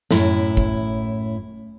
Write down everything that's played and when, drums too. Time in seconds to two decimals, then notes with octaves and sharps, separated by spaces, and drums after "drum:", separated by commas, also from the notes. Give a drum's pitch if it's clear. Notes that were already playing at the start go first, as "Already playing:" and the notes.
0.11 F#2 A2 E4, drum: snare
0.57 drum: kick